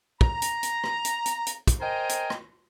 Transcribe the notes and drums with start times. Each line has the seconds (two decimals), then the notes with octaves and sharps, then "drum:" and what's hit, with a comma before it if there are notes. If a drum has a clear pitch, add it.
0.21 A#5, drum: kick
0.42 drum: hi-hat
0.63 drum: hi-hat
0.84 drum: rim click
1.05 drum: hi-hat
1.26 drum: hi-hat
1.47 drum: hi-hat
1.67 drum: kick, hi-hat
1.80 A#4 C5 D#5 G5 G#5 A#5
2.09 drum: hi-hat
2.30 drum: rim click